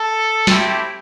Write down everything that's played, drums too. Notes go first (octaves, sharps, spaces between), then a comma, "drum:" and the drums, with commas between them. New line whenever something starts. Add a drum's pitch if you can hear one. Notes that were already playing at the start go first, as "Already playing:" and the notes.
Already playing: A4
A3 C4 E4 G4, drum: snare